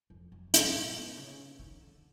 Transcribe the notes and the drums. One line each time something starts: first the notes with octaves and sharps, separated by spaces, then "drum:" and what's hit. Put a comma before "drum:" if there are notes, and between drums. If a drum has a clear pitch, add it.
F2
F#2
G2, drum: hi-hat
A#2
B2
C#3
D#3
D3